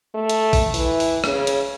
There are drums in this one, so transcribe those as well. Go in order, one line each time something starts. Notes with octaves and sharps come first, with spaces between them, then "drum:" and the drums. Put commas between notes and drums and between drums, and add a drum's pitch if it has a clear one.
A3
drum: hi-hat
drum: kick A#1, open hi-hat
E3, drum: open hi-hat
drum: open hi-hat
C#3, drum: rim click
drum: hi-hat